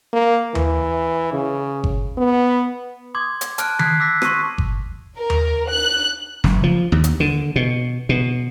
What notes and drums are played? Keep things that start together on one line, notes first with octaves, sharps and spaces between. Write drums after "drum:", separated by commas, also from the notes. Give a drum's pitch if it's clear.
A#3
E3, drum: tom D#2
C#3
drum: kick G1
B3
C6 D6 D#6 G#6
drum: hi-hat
A5 F6 F#6 D7, drum: hi-hat
D#6 F6 F#6 G#6 B6 C7, drum: tom D#3
D6 E6 F#6 A#6 B6
C6 C#6 D#6 B6 D#7, drum: rim click
drum: kick G1
A#4
drum: tom D#2
F#6
F#1, drum: snare
F3
D#2
drum: hi-hat
D3
B2
B2